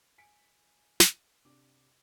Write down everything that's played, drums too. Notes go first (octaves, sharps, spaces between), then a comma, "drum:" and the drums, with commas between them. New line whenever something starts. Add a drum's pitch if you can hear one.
G#5 B6 C#7 D7
drum: snare
C3 D4 D6